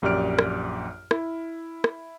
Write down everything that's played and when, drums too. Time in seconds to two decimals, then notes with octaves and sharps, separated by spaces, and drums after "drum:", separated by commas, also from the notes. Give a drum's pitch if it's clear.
0.02 A#1 F#2 G4 D5 F6 D7
0.39 drum: rim click
1.11 E4, drum: rim click
1.84 drum: rim click